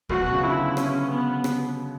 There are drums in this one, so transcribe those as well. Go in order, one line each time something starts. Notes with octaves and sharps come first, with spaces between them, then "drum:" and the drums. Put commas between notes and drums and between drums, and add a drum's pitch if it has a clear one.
F#3 F#4, drum: kick
B2
C#3
D3 E4
C#4, drum: rim click
B3
drum: rim click